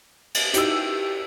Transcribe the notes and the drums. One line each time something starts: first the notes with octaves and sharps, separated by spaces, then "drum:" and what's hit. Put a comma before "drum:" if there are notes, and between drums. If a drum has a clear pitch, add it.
drum: cymbal
D#4 E4 F#4 G4 E6, drum: hi-hat